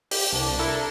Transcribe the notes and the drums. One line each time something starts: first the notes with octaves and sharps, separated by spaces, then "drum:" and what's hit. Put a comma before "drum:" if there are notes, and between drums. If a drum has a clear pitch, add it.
G4, drum: open hi-hat
C2 D4
E4 A4 A#4